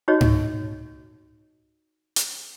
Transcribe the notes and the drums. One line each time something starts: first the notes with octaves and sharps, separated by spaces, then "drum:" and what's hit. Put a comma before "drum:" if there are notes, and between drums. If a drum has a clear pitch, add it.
D#4 F#4 G4 C#5 D#5
drum: tom G#2
drum: hi-hat